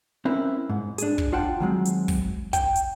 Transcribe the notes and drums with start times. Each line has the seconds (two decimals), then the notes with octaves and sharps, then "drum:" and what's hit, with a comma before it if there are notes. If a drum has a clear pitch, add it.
0.25 C4 C#4 E4 A#4 B4
0.69 G#2
0.98 D4 G#4, drum: hi-hat
1.18 drum: kick
1.32 D4 F4 F#5 G5 A5
1.60 D#3 F#3 G#3 C4
1.86 drum: hi-hat
2.08 drum: kick, open hi-hat
2.53 G5, drum: kick, hi-hat
2.76 drum: hi-hat